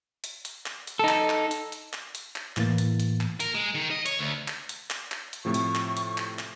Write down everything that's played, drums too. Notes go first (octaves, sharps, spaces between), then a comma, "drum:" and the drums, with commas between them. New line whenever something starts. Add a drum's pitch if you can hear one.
drum: hi-hat
drum: hi-hat
drum: clap
drum: hi-hat
D#4 A4
drum: clap
drum: clap
drum: hi-hat
drum: hi-hat
drum: clap
drum: hi-hat
drum: clap
A2 E3 A#3 A6, drum: clap
drum: hi-hat
drum: hi-hat
drum: clap
A#4, drum: hi-hat
G#3
D#3
D#5
C#5, drum: hi-hat
D2
drum: clap
drum: hi-hat
drum: clap
drum: clap
drum: hi-hat
A2 C3 F3 C#6
drum: hi-hat
drum: clap
drum: hi-hat
drum: clap
drum: clap